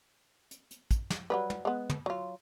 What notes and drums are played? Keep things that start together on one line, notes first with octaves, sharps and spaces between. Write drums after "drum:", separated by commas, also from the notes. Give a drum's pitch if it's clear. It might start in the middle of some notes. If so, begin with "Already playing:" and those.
drum: hi-hat
drum: hi-hat
drum: kick, hi-hat
drum: snare
F#3 G3 B4
drum: tom
G#3 B3
drum: tom
F#3 F4